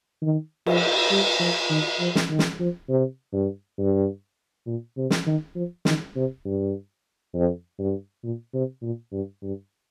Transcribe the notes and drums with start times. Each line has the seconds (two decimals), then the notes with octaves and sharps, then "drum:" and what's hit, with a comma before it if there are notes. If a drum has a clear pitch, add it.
0.22 D#3
0.66 F3, drum: cymbal
1.10 G3
1.39 F3
1.70 D#3
2.00 F3
2.15 drum: snare
2.30 D#3
2.39 drum: snare
2.60 F3
2.89 C3
3.33 G2
3.78 G2
4.67 A#2
4.97 C3
5.10 drum: snare
5.27 D#3
5.55 F3
5.85 D#3, drum: snare
6.16 C3
6.45 G2
7.34 F2
7.79 G2
8.24 A#2
8.54 C3
8.83 A#2
9.12 G2
9.43 G2